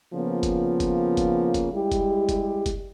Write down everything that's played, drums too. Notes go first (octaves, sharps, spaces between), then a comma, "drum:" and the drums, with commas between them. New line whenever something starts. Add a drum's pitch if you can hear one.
C#3 F3 A#3 B3 F4
drum: kick F#1, hi-hat
drum: kick F#1, hi-hat
drum: kick F#1, hi-hat
drum: kick F#1, hi-hat
G3 G#3 E4 G4
drum: kick F#1, hi-hat
drum: kick F#1, hi-hat
drum: kick F#1, hi-hat